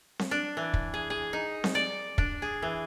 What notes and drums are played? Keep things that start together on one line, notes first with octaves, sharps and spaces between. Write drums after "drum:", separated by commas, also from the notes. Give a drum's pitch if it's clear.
drum: snare C4
D4
E3
drum: kick
G#4
G#4
D#4
drum: snare C4
D5
D4, drum: kick
G#4
E3